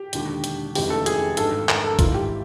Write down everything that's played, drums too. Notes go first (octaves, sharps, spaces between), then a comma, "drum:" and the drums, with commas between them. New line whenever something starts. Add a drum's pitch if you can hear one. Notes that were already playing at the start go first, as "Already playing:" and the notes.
Already playing: G4
E1 D#2 D3, drum: hi-hat
drum: hi-hat
F1 D#2 C#3 E3 G4, drum: open hi-hat
A4
G#4, drum: hi-hat
G#1 G2 D#3 A4, drum: hi-hat
A#4, drum: clap
A4
G#1 G#2 E3 F4, drum: kick, hi-hat
G4